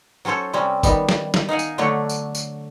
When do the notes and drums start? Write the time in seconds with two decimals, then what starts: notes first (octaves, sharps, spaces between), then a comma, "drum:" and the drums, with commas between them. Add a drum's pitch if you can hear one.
0.25 F#3 C#4 A4 C5 C#5
0.53 C3 G3 C4 C#4
0.83 D#3 G3 B3, drum: kick, tambourine
1.09 drum: snare
1.34 drum: snare
1.49 D#4 F5 F#5 G#5
1.59 drum: tambourine
1.78 D3 F#3 A3 D4 C#5
2.09 drum: tambourine
2.35 drum: tambourine